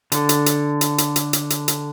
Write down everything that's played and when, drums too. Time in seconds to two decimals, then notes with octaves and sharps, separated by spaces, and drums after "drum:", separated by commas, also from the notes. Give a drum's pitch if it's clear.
0.12 D3, drum: hi-hat
0.29 drum: hi-hat
0.46 drum: hi-hat
0.81 drum: hi-hat
0.98 drum: hi-hat
1.16 drum: hi-hat
1.33 drum: hi-hat
1.50 drum: hi-hat
1.68 drum: hi-hat